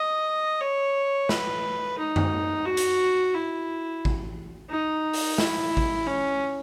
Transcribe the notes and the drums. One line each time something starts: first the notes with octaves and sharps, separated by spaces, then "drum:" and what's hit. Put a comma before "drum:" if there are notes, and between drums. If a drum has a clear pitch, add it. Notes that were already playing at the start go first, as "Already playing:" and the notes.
Already playing: D#5
C#5
B4, drum: snare
D#4
drum: tom F#2
F#4
drum: hi-hat
E4
drum: kick A1
D#4
drum: open hi-hat
E4, drum: snare
drum: kick A1
C#4